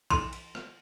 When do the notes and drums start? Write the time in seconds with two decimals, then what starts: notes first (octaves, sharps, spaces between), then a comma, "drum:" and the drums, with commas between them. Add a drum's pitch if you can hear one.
0.10 C6, drum: kick A#1, cymbal
0.33 drum: cymbal
0.55 drum: rim click